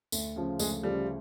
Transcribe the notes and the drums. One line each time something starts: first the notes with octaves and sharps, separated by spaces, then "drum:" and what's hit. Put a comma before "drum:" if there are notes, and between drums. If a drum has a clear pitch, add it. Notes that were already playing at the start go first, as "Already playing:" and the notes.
D2, drum: tambourine
C#3 F3
D2 G#3, drum: tambourine
C#3 F3 G3